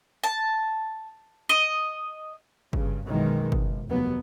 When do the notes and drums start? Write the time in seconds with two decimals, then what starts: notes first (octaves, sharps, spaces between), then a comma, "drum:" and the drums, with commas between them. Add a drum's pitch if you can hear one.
0.24 A5
1.49 D#5
2.73 G2 C#3, drum: kick
3.06 B1 F#2 B2 D#3 E3 G#3
3.52 G#1, drum: kick
3.88 F1 D#2 F#3 B3